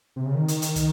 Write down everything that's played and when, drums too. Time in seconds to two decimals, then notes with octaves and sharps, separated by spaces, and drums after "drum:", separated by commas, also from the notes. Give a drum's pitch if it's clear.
0.16 C3
0.26 C#3
0.35 D#3
0.48 drum: hi-hat
0.62 drum: hi-hat
0.76 drum: kick, hi-hat